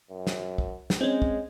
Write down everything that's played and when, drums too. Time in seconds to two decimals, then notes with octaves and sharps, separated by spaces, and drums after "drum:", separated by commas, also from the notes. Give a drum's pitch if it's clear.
0.11 F#2
0.27 drum: snare
0.58 drum: kick
0.90 drum: snare
1.01 G#3 C4 C#4
1.22 drum: kick